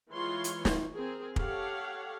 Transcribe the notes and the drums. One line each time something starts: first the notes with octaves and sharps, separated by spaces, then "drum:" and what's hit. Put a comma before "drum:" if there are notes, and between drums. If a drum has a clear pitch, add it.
E3 G#3 F4 C#5 C6
drum: hi-hat
drum: snare
C4 G#4 A#4
G4 A4 C#5 F5 F#5, drum: kick